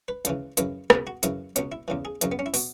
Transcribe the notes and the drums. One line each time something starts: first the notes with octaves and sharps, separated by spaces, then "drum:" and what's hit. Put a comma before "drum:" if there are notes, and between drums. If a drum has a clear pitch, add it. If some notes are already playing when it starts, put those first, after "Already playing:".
B4
C#2 C#3 E3, drum: hi-hat
F#2 C#3 E3 B4, drum: hi-hat
C#2 B2 G#4, drum: rim click
F#4
F#2 C#3 E3 E4, drum: hi-hat
C#2 B2 C#4, drum: hi-hat
E4
E2 C#3 E3
G#4
F#2 C#3 E3, drum: hi-hat
B3
C#4
E4
B2 F#4, drum: open hi-hat